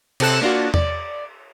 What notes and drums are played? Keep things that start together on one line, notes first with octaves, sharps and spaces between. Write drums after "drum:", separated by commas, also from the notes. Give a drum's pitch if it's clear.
C3 C4 A4 F#6 E7, drum: cymbal
A#3 D4 F4 F#4
D5, drum: tom E2